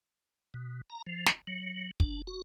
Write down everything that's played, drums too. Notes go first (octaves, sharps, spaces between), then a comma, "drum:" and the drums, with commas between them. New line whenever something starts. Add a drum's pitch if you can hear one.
B2
A#5
F3
drum: snare
F#3
D4, drum: kick
F#4